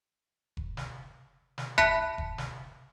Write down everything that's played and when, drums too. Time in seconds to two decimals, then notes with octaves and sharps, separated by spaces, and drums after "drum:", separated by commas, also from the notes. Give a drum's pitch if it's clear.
0.57 drum: kick F1
0.77 drum: snare
1.58 drum: snare
1.78 E5 A5 B5 F#6 B6 C#7, drum: kick F1
2.18 drum: kick F1
2.38 drum: snare